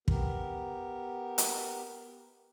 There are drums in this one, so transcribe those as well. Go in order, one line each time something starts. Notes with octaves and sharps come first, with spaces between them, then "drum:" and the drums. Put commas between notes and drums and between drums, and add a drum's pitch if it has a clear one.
B3 G4 A#4, drum: kick
drum: hi-hat